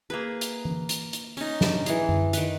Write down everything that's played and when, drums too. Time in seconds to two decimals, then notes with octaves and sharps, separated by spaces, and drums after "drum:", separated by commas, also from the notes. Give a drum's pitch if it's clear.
0.10 A#3 G#4 B4
0.41 drum: hi-hat
0.65 drum: tom E3
0.89 drum: hi-hat
1.13 drum: hi-hat
1.37 C#4 D#4, drum: open hi-hat
1.61 drum: snare
1.86 E3 G#4, drum: hi-hat
2.09 drum: tom F#2
2.33 D#3 B4, drum: hi-hat